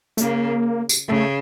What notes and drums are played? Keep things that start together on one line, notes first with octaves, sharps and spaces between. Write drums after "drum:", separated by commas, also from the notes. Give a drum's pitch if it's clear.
A3, drum: hi-hat
C#3 A#3
drum: tambourine
C#3 A3